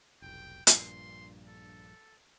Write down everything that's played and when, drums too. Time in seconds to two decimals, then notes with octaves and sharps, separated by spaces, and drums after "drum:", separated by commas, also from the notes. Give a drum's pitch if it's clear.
0.22 F1 B1 G5
0.67 A#1 G2 A#2 C6, drum: hi-hat
1.47 A4